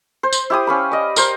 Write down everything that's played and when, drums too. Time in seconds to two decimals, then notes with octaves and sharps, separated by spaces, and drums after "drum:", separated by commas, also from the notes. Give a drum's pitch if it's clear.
0.23 C5
0.33 drum: tambourine
0.50 E4 G4 D#6
0.67 C#4 F5 B5
0.92 D5 D#5
1.16 A#4 C5 D#5, drum: tambourine